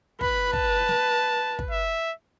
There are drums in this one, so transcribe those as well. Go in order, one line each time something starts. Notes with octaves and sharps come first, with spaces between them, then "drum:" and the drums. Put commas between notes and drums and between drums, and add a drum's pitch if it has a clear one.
B4 B5, drum: kick
A5, drum: kick
drum: snare
drum: kick
E5